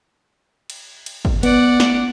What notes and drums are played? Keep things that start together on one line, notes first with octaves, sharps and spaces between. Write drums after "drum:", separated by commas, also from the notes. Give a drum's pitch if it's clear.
drum: cymbal
drum: cymbal
drum: kick
B3 D5 F#5, drum: cymbal
drum: snare